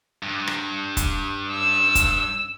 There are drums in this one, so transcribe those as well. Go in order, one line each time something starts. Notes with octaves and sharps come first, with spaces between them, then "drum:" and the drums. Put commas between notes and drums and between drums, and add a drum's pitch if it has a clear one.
G2
drum: rim click
drum: kick, hi-hat
E6
drum: kick, hi-hat